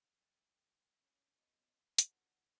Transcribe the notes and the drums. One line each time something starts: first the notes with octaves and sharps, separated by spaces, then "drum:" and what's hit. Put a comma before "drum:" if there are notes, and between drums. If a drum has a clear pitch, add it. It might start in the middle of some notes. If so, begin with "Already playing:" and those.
G3
C#4
B3 C#4 F4 G#4 C#5 D#5
C#3 E3 F#4 A4 C#5, drum: hi-hat